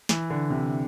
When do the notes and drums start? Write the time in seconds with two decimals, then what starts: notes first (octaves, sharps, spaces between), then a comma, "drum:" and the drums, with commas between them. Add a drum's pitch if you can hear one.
0.09 E3, drum: snare
0.30 D3
0.50 C3